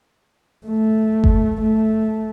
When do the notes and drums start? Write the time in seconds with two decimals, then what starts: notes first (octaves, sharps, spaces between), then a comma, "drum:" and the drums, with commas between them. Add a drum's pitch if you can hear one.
0.67 A3
1.24 drum: kick G1
1.61 A3